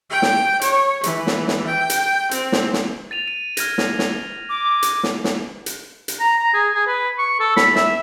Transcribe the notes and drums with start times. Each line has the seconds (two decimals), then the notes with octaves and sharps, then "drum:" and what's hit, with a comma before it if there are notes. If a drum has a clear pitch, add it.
0.10 G5
0.22 drum: snare
0.61 C#5, drum: hi-hat
1.04 E3, drum: hi-hat
1.27 drum: snare
1.48 drum: snare
1.66 G5
1.90 drum: hi-hat
2.31 C4, drum: hi-hat
2.52 drum: snare
2.73 drum: snare
3.11 A6 D#7 F7
3.28 D#7
3.57 F6 G#6 A#6, drum: hi-hat
3.78 drum: snare
3.99 drum: snare
4.49 D6
4.83 drum: hi-hat
5.03 drum: snare
5.24 drum: snare
5.66 drum: hi-hat
6.08 drum: hi-hat
6.20 A#5
6.39 A#5
6.54 G#4
6.75 G#4
6.86 B4
7.19 C#6
7.40 A4
7.57 B5, drum: snare
7.75 E5, drum: snare